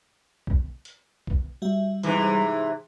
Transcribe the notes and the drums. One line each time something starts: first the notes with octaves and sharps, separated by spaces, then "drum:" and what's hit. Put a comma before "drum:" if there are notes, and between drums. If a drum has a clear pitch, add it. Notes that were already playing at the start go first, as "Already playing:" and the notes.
drum: kick B1
drum: hi-hat
drum: kick B1
G3 F#4 E5
G#2 C3 E3, drum: hi-hat